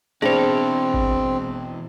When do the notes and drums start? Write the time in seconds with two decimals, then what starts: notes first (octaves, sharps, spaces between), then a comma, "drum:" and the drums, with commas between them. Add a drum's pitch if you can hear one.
0.22 B2 E3 C4 D4 E4 G#4 C5
0.94 drum: kick G#1